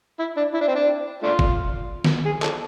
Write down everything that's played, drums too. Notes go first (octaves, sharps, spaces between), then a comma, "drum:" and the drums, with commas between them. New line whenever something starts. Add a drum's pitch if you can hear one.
E4
D4
E4
D4
C4
D4
A3 D4 F4
drum: kick
drum: snare
G#4
A4, drum: clap